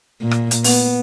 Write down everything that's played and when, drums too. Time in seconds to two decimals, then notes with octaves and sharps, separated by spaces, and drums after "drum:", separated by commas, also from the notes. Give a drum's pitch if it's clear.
0.22 A#2
0.31 drum: rim click
0.51 drum: hi-hat
0.64 B3, drum: open hi-hat